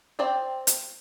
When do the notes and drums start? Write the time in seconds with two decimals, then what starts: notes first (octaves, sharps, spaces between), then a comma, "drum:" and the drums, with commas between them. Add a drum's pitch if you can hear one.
0.19 C4 C5 D5 G5
0.67 drum: hi-hat